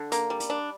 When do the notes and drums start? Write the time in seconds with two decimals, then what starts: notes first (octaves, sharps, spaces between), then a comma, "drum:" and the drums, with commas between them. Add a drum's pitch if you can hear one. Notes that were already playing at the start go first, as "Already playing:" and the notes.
Already playing: D3
0.12 A#3, drum: hi-hat
0.30 G3
0.40 drum: hi-hat
0.50 D4